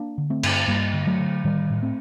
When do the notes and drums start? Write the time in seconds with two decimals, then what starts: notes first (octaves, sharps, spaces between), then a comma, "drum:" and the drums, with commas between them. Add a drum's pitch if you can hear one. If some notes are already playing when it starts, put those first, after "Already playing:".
Already playing: A#3 D4
0.18 D3
0.30 A3 C4
0.43 G2, drum: cymbal
0.68 G2 G3 A#3
0.93 D3
1.07 F#3 A3
1.19 D3
1.44 A2 D#3 G3
1.70 A2
1.83 A3 C4